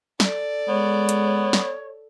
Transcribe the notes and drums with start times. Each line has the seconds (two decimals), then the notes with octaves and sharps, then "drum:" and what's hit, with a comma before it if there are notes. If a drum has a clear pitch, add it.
0.20 A4 D5, drum: snare
0.69 G#3 B3 C#5
1.09 drum: hi-hat
1.53 drum: snare